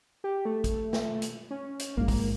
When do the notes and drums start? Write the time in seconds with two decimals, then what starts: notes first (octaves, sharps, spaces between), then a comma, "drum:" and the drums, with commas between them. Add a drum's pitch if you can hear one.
0.24 G4
0.45 A3
0.64 drum: kick, hi-hat
0.93 drum: snare
1.22 drum: hi-hat
1.51 C#4
1.79 drum: hi-hat
1.97 A#1 G#2 G#3 A#3
2.08 drum: kick, open hi-hat